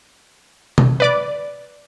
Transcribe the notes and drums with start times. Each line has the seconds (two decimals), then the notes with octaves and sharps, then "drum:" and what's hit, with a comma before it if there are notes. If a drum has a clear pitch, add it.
0.78 drum: tom B2
1.00 B4 D5 D6